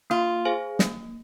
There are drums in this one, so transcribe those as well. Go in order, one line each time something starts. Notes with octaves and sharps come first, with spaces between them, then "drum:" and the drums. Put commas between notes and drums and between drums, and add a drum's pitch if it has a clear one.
A#3 F4
G#4 C5 F5 G#5
A#3, drum: snare